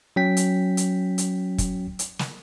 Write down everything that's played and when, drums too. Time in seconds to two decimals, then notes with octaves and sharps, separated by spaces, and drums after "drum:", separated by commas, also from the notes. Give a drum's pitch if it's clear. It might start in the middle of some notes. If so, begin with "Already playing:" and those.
0.16 F#3 C#4 G5 B6
0.37 drum: hi-hat
0.77 drum: hi-hat
1.18 drum: hi-hat
1.58 drum: kick, hi-hat
1.99 drum: hi-hat
2.19 drum: snare